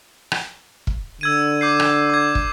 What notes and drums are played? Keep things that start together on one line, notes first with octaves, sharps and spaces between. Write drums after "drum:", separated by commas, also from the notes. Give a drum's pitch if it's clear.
drum: rim click
drum: kick
D3 E6 G#6 D#7
D6 G6 C7
drum: rim click
D6 G#6
drum: kick